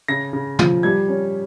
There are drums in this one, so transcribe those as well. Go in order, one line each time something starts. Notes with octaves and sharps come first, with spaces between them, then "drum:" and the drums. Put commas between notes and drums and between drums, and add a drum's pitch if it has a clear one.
C#3 A#6
C#3
F3, drum: tom
G3 G#6
C#4